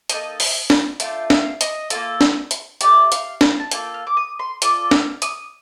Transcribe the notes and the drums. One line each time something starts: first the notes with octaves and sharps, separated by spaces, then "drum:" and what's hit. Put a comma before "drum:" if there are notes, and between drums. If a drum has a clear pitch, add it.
A#3 D#4 A4 D#6, drum: hi-hat
drum: open hi-hat
drum: snare
A3 D4 F4 G5, drum: hi-hat
F5, drum: snare
D#5, drum: hi-hat
A#3 F4 A4, drum: hi-hat
drum: snare
drum: hi-hat
A3 D#4 G4 D5, drum: hi-hat
F5, drum: hi-hat
F5, drum: snare
A5
A#3 F4 A4 G5, drum: hi-hat
F6
D6
D#6
C6
D4 F4 A4 D6, drum: hi-hat
F6, drum: snare
D#6, drum: hi-hat